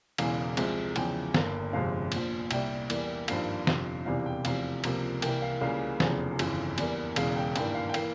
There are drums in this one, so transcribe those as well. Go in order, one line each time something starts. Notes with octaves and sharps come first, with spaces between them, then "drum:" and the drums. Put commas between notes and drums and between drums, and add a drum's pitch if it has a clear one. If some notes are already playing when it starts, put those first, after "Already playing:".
E1 E2 C#3 E3 G#3 F5, drum: cymbal
C2 C3 F3 G#3, drum: cymbal
E2 C#3 F3 G#3 G5, drum: cymbal
G1 G2 G3 A#3, drum: snare
G1 F2 C3 F3 G#3 F5
A#1 A#2 F3, drum: cymbal
C2 A#2 G3 G5, drum: cymbal
E2 E3 G3 A#3, drum: cymbal
G#1 G2 F3 A#3 F5, drum: cymbal
G1 F2 C3, drum: snare
E1 E2 C3 E3 G3 F5
G5
F1 E2 C3 F3 F5, drum: cymbal
C#2 C3 F3 A#3, drum: cymbal
C2 C3 E3 A#3 G5, drum: cymbal
F5
C#2 C#3 E3 G3 A#3 F5
F1 E2 C#3 F3, drum: snare
G1 F2 C#3 E3, drum: cymbal
E2 E3 G3 A#3, drum: cymbal
E1 E2 C#3 E3 G#3 F5, drum: cymbal
G5
G#1 G2 E3 A#3 G5, drum: cymbal
F5
G5
E3 A#3 F5, drum: cymbal